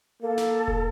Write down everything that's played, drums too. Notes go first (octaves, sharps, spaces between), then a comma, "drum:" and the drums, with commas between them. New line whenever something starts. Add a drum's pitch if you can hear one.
A#3 A4
drum: snare
drum: kick E1